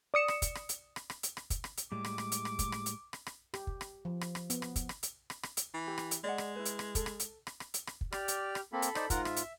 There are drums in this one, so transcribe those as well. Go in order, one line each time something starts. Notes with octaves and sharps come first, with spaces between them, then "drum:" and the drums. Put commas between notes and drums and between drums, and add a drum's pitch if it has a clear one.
D5 D#6 C#7 E7
drum: rim click
drum: kick, hi-hat
drum: rim click
drum: hi-hat
drum: rim click
drum: rim click
drum: hi-hat
drum: rim click
drum: kick, hi-hat
drum: rim click
drum: hi-hat
A2 G3 G#3 D6
drum: rim click
drum: rim click
drum: hi-hat
drum: rim click
drum: kick, hi-hat
drum: rim click
drum: hi-hat
drum: rim click
drum: rim click
G4, drum: rim click
drum: kick
drum: rim click
F3
drum: rim click
drum: rim click
B3, drum: hi-hat
drum: rim click
drum: kick, hi-hat
drum: rim click
drum: hi-hat
drum: rim click
drum: rim click
drum: hi-hat
E3
E4 G4
drum: rim click
drum: hi-hat
G#3 D5 D#5 F#5
drum: rim click
E4 B4
drum: hi-hat
drum: rim click
A4, drum: kick, hi-hat
drum: rim click
drum: hi-hat
drum: rim click
drum: rim click
drum: hi-hat
drum: rim click
drum: kick
G4 D5 F6, drum: rim click
drum: hi-hat
drum: rim click
A#3 C4 A4 B5
drum: hi-hat
D#4 C5 D5, drum: rim click
G#2 F4 A#4 F#5 A#5, drum: kick, hi-hat
E5, drum: rim click
drum: hi-hat